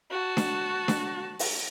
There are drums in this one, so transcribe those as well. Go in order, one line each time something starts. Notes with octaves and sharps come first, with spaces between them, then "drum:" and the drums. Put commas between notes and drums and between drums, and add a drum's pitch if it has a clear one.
F#4 A5
drum: snare D4
drum: snare D4
drum: open hi-hat